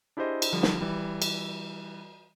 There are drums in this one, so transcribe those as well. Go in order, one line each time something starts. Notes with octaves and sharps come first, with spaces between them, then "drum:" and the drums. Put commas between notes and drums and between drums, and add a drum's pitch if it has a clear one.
D4 E4 G4 G#4 C5 D#5
drum: cymbal
D3 F3 G3
drum: snare
E3 G3
drum: cymbal